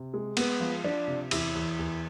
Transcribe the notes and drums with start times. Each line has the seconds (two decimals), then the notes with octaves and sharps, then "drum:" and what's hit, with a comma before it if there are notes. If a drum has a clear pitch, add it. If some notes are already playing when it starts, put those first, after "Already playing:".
Already playing: C3
0.14 G#3
0.37 G#3 B3, drum: cymbal
0.60 F3
0.84 F3 D4
1.08 C3
1.31 E2 E4, drum: cymbal
1.55 E2
1.79 E2